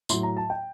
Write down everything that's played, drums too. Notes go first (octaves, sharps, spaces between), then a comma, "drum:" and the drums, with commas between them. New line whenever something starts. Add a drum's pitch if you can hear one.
A2 F#3 C6, drum: tambourine
A#5
A5
G5